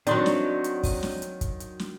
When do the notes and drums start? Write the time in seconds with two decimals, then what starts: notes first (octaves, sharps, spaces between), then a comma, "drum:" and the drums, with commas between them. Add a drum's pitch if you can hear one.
0.07 D#3 F#3 C4 D4 D5 D#5 C6, drum: hi-hat
0.26 drum: snare
0.64 drum: hi-hat
0.83 drum: kick, open hi-hat
1.03 drum: snare
1.22 drum: hi-hat
1.41 drum: kick, hi-hat
1.60 drum: hi-hat
1.79 drum: snare